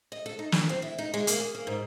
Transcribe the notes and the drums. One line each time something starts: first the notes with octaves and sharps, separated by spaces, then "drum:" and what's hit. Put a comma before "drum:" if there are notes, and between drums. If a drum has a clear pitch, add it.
D#5
A4
D#4
D4, drum: snare
C4
E4
D#4
G#3
A#3, drum: hi-hat
G#4
A#3
G#2